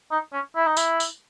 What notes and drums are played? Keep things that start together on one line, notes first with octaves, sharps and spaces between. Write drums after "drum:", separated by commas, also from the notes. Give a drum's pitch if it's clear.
D#4
C#4
E4
D#4
E4, drum: tambourine
drum: tambourine